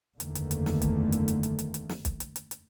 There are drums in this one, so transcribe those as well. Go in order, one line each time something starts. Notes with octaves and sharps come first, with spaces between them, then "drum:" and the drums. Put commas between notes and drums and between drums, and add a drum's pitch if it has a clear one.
F#1 E2 D3 D#3 A3 A#3, drum: hi-hat
drum: hi-hat
drum: hi-hat
drum: snare
drum: kick B1, hi-hat
drum: hi-hat
drum: hi-hat
drum: hi-hat
drum: hi-hat
drum: hi-hat
drum: snare
drum: kick B1, hi-hat
drum: hi-hat
drum: hi-hat
drum: hi-hat